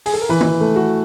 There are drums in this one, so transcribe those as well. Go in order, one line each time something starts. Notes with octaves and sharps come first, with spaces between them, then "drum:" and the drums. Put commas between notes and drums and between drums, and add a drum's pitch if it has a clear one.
G#4, drum: open hi-hat
A4
A#4
E3 B4
drum: tom
A3
F#4